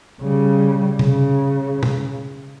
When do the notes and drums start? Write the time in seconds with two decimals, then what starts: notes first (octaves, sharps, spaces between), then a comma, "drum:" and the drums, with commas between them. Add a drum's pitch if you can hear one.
0.21 C#3 G3
0.99 C#3, drum: tom
1.83 drum: tom